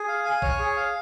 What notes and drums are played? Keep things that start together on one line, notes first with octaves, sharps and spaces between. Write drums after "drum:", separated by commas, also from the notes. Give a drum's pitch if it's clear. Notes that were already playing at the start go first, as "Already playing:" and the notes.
Already playing: G#4
F5
G#5
C#5, drum: kick A#1
G#4
F5